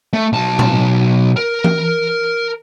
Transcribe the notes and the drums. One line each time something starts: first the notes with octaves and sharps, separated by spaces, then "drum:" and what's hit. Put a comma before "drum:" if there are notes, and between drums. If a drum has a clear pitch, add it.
A3
B1 A5
drum: tom A2
A#4
drum: tom E3